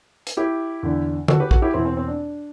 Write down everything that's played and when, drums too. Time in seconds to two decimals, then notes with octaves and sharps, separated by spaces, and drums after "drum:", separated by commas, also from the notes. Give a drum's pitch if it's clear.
0.27 drum: hi-hat
0.37 E4 G4
0.83 E2 D3
1.28 F#4 A4, drum: tom
1.40 G4 B4
1.51 F#4 A4, drum: kick
1.62 E4 G4
1.74 E2 B2 C4 E4
1.85 C4
1.97 C4
2.08 D4